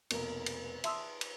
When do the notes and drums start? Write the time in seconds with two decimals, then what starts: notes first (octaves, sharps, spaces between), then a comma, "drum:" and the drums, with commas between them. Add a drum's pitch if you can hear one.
0.10 F1 B2 A#3 A#4, drum: cymbal
0.46 drum: cymbal
0.84 E5 A5 C6 D#6 E6, drum: cymbal
1.21 drum: cymbal